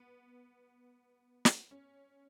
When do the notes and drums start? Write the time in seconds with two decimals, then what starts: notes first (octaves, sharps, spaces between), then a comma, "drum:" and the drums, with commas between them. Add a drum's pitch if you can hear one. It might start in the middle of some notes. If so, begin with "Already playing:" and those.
Already playing: B3
1.45 drum: snare
1.71 C#4